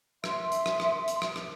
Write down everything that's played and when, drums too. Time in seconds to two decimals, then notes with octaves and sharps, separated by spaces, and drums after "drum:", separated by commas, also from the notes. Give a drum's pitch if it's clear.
0.24 E5 C6, drum: rim click
0.52 drum: hi-hat
0.66 drum: rim click
0.80 drum: rim click
1.08 drum: hi-hat
1.22 drum: rim click
1.36 drum: rim click